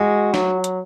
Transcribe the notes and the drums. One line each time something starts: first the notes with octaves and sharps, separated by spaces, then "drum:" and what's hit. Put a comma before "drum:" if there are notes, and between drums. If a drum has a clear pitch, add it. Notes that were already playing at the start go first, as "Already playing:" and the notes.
Already playing: G#3 F#4
F#3, drum: snare
drum: hi-hat